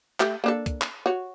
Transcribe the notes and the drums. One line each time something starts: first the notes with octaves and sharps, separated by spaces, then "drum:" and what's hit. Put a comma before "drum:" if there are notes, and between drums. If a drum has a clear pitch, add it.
A3 G4, drum: clap
A#3 D4 A4
drum: kick, hi-hat
drum: clap
F#4 C#5